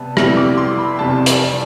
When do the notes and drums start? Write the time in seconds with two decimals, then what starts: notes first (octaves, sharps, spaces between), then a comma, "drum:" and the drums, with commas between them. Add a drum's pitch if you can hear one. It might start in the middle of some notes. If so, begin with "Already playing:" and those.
Already playing: C3 G3 B3 A5
0.17 F2 C3 G3 B3 E4 F6, drum: rim click
0.37 D6
0.57 C6
0.78 B5
0.99 F1 E2 C3 G3 A5
1.26 D5, drum: hi-hat